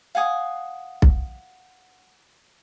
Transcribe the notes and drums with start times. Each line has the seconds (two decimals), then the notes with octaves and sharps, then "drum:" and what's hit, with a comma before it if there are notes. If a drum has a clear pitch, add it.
0.15 F5 F#5 G#5 D#6
1.02 drum: kick B1